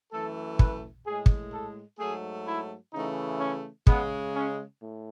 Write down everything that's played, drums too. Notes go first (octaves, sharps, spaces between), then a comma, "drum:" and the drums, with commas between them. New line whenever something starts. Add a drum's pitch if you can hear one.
F#2 E3 A3 A4
B4, drum: kick
A2 G#3 G#4
drum: kick
A4
G#2 F#3 A3 G#4
E4
C#3 E3 A3 D#4
C#4
C#3 G#3 B3, drum: kick
C#4
A2